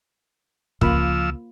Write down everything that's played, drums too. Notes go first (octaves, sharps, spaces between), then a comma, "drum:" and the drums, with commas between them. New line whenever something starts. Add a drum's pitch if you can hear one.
C#2 F3 A#3 F4 B5 E6, drum: kick